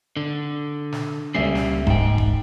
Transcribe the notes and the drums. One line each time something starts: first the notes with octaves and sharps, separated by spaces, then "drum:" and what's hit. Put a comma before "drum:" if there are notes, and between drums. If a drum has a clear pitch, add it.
D3
drum: snare
C#2 C#3 G3 A#3 E5 C7
drum: snare
G#2 G#3 G5, drum: kick E1
drum: kick E1